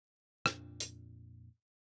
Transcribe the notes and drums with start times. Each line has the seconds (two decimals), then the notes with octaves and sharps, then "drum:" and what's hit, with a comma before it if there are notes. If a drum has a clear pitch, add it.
0.46 F2 A#2 D4, drum: rim click
0.80 drum: hi-hat